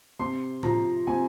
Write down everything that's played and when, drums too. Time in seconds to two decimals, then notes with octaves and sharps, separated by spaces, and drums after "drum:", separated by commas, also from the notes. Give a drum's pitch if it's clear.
0.19 C3 C6
0.63 F3 A#5, drum: tom A2
1.07 C3 G#5